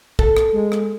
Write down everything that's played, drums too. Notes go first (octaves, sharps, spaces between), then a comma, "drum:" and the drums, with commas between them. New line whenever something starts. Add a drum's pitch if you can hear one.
A4, drum: kick
drum: rim click
G#3
drum: rim click